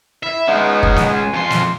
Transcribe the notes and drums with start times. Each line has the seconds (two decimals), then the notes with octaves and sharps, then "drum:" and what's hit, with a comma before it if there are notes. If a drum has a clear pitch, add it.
0.23 E4 E5
0.47 G#3 B3 C#4 D#4
0.83 drum: kick
0.96 drum: snare
1.10 G#5
1.34 F2 C6
1.50 drum: snare